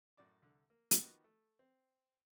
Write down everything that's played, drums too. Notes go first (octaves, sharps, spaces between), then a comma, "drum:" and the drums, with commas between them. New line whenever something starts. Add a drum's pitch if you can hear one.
F#2 A2 F#4 D5 D6
C2 D3
A#3
drum: hi-hat
D#3 F3 B3 D#4 F#4 G4
A3
C4